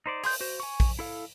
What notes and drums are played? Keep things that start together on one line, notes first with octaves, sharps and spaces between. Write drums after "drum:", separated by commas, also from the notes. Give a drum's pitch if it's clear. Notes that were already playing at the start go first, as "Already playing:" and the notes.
D#4 C5 D5
G#4 C6 G6, drum: open hi-hat
F#4 C5
G#5 C#6
drum: kick A#1, open hi-hat
E4 A4 F5